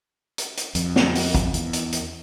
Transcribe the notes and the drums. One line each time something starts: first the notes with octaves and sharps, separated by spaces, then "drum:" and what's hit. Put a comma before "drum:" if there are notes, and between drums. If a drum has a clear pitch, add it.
drum: hi-hat
drum: hi-hat
F2, drum: hi-hat
drum: snare
drum: open hi-hat
drum: kick, hi-hat
E2, drum: hi-hat
drum: hi-hat
drum: hi-hat